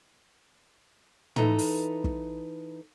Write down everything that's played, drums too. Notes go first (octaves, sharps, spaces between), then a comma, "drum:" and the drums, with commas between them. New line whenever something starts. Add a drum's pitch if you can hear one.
E3 D#4 A4 B4 A#5, drum: tom
drum: open hi-hat
drum: kick